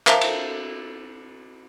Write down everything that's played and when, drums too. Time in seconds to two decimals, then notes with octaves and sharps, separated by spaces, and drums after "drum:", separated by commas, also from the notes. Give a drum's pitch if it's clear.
0.07 A#4 C5 E5 F5 A5 A#5, drum: clap
0.21 drum: cymbal